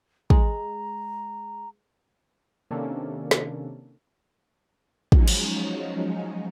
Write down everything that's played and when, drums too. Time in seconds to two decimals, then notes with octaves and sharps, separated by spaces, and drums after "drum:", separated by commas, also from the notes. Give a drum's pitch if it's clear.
0.30 G#3 A#5, drum: kick
2.71 C3 D#3 A#3 C#4 D4 A4
3.31 drum: snare
5.12 F3 F#3 G#3 C#4 D#4, drum: kick
5.28 drum: cymbal